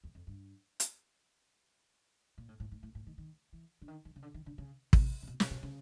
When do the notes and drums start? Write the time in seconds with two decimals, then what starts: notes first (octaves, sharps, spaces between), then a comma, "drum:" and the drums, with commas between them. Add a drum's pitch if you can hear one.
0.04 E2
0.15 F2
0.27 G2
0.80 drum: hi-hat
2.38 A#2
2.48 A2
2.60 A2
2.72 G#2
2.83 A2
2.95 A2
3.07 D#3
3.18 D#3
3.53 E3
3.82 D3
3.88 D#3
4.05 D#3
4.16 C#3
4.22 D3
4.34 D#3
4.46 D3
4.58 C#3
4.93 C3, drum: kick
5.23 C3
5.28 B2
5.40 B2, drum: snare
5.51 B2
5.63 C#3